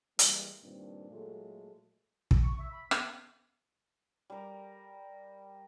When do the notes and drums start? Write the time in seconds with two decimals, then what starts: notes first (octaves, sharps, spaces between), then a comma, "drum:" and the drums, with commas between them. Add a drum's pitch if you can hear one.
0.19 E3 G3 G#3 A#3, drum: hi-hat
0.64 G2 A#2 D#3 C4 D4
1.12 A#2 F#3 G#3 A3 A4
2.31 drum: kick
2.43 C#6
2.59 E5
2.71 B5
2.91 B3, drum: rim click
4.30 G3 A#4